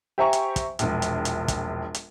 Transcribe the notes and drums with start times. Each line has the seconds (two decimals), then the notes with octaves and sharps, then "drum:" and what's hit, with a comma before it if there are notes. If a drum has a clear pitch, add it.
0.18 G4 C5 E5 G#5 A#5 C#6
0.33 drum: hi-hat
0.56 drum: kick, hi-hat
0.79 E1 A#1, drum: hi-hat
1.02 drum: hi-hat
1.25 drum: hi-hat
1.48 drum: kick, hi-hat
1.94 drum: hi-hat